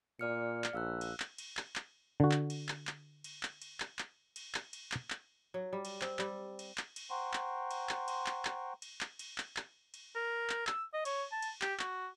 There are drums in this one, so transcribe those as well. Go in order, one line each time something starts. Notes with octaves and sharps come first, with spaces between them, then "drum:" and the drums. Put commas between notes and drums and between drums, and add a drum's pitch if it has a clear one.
A#2 D5 F6 C#7
drum: clap
A#1 F5 E6 F#6
drum: cymbal
drum: clap
drum: cymbal
drum: clap
drum: clap
D3 F#4
drum: clap
drum: cymbal
drum: clap
drum: clap
drum: cymbal
drum: clap
drum: cymbal
drum: clap
drum: clap
drum: cymbal
drum: clap
drum: cymbal
drum: clap
drum: clap
F#3
G3
drum: cymbal
C4, drum: clap
G3, drum: clap
drum: cymbal
drum: clap
drum: cymbal
C5 F#5 G5 A#5 C6 C#6
drum: clap
drum: cymbal
drum: clap
drum: cymbal
drum: clap
drum: clap
drum: cymbal
drum: clap
drum: cymbal
drum: clap
drum: clap
drum: cymbal
A#4
drum: clap
E6, drum: clap
D#5
C#5, drum: cymbal
A5
drum: cymbal
G4, drum: clap
F#4, drum: clap